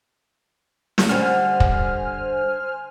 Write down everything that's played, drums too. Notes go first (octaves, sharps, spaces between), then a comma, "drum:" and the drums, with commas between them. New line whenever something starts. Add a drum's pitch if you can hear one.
drum: snare
D3 G3 C5 G#5 F6
drum: kick